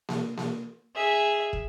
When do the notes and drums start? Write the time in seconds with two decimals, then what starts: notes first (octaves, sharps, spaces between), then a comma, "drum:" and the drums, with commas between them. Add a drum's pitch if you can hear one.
0.09 drum: snare A#3
0.37 drum: snare A#3
0.95 G#4 E5
1.53 drum: kick